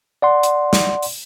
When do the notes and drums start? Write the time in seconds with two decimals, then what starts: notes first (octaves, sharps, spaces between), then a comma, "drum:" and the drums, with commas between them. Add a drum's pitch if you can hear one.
0.22 D5 F#5 C6
0.43 drum: hi-hat
0.73 drum: snare
1.02 drum: open hi-hat